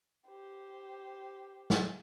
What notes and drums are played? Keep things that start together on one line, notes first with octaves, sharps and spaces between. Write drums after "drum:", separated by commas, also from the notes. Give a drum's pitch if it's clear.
G4 C5
drum: snare